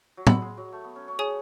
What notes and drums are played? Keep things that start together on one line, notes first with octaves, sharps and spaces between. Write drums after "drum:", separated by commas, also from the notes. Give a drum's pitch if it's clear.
F#3
G#3 F#5 B5 E6, drum: tom
G#3
F#3
A3
B3
C#4
C#4
G#4 C#5 G#5 D#6